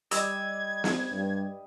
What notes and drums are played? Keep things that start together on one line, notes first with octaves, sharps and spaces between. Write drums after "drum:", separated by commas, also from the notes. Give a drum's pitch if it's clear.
G3 D5 D#5 E6 G#6, drum: hi-hat
drum: snare
G2